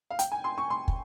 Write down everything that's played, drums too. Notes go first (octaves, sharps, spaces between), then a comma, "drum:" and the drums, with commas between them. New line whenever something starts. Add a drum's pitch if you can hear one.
F5
G5, drum: hi-hat
G#5
C6
C#6
C6
drum: kick